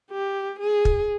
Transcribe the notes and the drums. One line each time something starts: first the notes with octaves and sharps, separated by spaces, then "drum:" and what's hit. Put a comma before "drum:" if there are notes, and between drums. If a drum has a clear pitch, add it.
G4
G#4
drum: kick